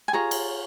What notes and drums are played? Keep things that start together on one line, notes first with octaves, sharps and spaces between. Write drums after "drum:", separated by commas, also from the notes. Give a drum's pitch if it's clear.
G#5
F4 G#4 C#5 A#5
drum: cymbal